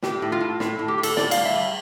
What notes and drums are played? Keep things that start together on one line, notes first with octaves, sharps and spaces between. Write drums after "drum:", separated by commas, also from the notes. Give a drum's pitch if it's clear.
A2 G4, drum: snare
A2
F4
A2
A2, drum: snare
A2
G4
A2
A4, drum: cymbal
A2 D5, drum: snare
G3 F5, drum: cymbal
E5
G3